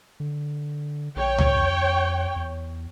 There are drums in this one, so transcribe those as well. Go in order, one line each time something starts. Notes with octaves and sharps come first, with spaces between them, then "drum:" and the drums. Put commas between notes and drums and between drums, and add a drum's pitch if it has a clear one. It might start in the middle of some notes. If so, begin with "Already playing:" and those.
D3
A#1 C#5 G5
drum: tom C#2
F2
E2